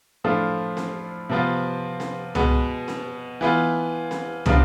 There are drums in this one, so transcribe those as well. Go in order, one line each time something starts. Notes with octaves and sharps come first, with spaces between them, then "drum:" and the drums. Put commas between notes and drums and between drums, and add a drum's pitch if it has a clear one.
A2 F3 A3 D4 F4
drum: snare C4
C3 F3 B3 F4
drum: snare C4
B2 G#3 B3, drum: tom
drum: snare C4
E3 B3 F4
drum: snare C4
C3 F3 B3 D4 F4, drum: tom